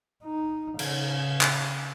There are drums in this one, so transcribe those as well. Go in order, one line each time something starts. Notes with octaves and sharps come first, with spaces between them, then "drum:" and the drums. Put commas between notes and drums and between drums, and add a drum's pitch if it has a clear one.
D#4
C#3, drum: cymbal
drum: clap